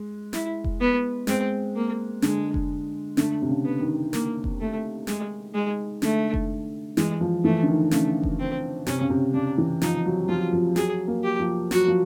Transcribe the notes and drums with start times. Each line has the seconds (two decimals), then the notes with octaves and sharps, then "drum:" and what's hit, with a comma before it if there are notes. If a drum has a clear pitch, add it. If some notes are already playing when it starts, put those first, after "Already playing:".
Already playing: G#3
0.33 E4, drum: snare
0.64 drum: kick F1
0.81 B3
1.27 G#3 C4, drum: snare
1.76 A#3
2.22 D3 G#3, drum: snare
2.54 drum: kick F1
3.17 D3 A3, drum: snare
3.42 C3
3.49 C#3
3.65 B3
3.80 D#3
4.13 A#3, drum: snare
4.44 drum: kick F1
4.60 A3
5.07 G#3, drum: snare
5.54 G#3
6.02 D3 A3, drum: snare
6.34 drum: kick F1
6.97 E3 G#3, drum: snare
7.21 F3
7.44 E3 A3
7.63 D3
7.69 D#3
7.91 C#3 A3, drum: snare
8.23 drum: kick F1
8.39 C4
8.87 C3 C#4, drum: snare
9.01 C#3
9.10 C3
9.34 C#3 D4
9.58 E3
9.82 F3 D#4, drum: snare
10.06 F#3
10.29 F3 F4
10.53 F3
10.76 F#3 G#4, drum: snare
11.07 A#3
11.23 G4
11.40 F3
11.71 F#3 F#4, drum: snare
11.88 F3